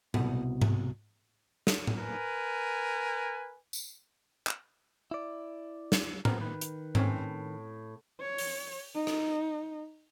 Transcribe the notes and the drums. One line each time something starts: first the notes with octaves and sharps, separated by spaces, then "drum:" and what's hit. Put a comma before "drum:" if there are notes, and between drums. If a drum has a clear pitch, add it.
C2 B2, drum: tom A2
drum: tom G#2
drum: snare
drum: tom A2
A#4 B4 G#5
drum: tambourine
drum: clap
E4 D5
drum: snare
B3 C4 A#4, drum: tom A2
D#3 B4
drum: hi-hat
A2 C4 C#4, drum: tom G#2
C#5
drum: open hi-hat
D#4
drum: rim click